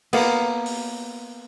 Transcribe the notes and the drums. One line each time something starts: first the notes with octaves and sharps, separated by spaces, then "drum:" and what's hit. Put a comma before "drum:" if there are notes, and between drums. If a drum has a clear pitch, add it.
A#3 B3, drum: cymbal
drum: open hi-hat